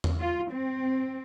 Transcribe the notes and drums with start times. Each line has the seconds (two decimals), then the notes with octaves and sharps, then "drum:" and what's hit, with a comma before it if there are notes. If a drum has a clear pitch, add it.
0.04 drum: tom E2
0.20 F4
0.52 C4